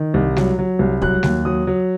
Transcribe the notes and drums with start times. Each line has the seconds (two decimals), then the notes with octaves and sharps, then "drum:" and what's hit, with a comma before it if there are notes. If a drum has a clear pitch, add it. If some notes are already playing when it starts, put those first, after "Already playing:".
Already playing: D#3
0.14 C2
0.37 F#3, drum: snare G3
0.59 F#3
0.79 C2
1.02 F#3 F#6, drum: kick
1.23 D#2, drum: snare G3
1.45 F#3 D#6
1.67 F#3